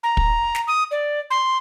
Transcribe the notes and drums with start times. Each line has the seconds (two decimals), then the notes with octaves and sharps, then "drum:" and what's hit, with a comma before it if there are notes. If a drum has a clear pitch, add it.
0.03 A#5
0.17 drum: kick
0.55 drum: snare
0.67 D#6
0.91 D5
1.31 C6